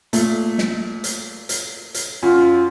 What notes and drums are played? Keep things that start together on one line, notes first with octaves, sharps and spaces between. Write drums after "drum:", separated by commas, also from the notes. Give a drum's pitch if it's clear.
A#2 A3, drum: hi-hat
drum: snare
drum: hi-hat
drum: hi-hat
drum: hi-hat
F#2 F4